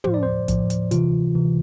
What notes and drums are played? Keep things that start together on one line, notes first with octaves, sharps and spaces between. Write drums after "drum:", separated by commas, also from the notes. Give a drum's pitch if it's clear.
A2 F3 C5, drum: tom
D5
C5
A2 F3, drum: kick, hi-hat
drum: hi-hat
C3 E3 F4, drum: hi-hat
C3 E3